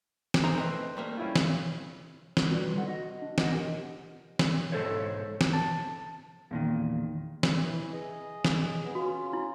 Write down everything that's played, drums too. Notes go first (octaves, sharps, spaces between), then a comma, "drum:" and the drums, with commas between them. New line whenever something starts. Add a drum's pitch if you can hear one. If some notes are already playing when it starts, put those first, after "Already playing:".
drum: snare
C4 D#4 G#4 C5 A#5
A3 B4 D#5
G3 A3 A#3
C#4 E4 F4
drum: snare
drum: snare
G3 F4 F#4 B4 D5
D#2 D#3 A4 A#4 F#5
F#4 D#5
D4
D4 F4 A#4 D#5 F#5 G#5, drum: snare
G4 A#4 C5
drum: snare
B1 G#2 A4 C5 C#5
drum: snare
A5
E2 A#2 D#3
drum: snare
E3
G#4 D#5
drum: snare
B3 G#4
C#4 F4 F#4
E4